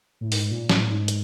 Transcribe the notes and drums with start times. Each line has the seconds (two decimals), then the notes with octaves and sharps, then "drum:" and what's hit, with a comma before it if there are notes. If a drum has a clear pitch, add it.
0.21 A2
0.32 G#2, drum: open hi-hat
0.51 A#2
0.69 A2, drum: snare
0.89 G#2
1.08 drum: hi-hat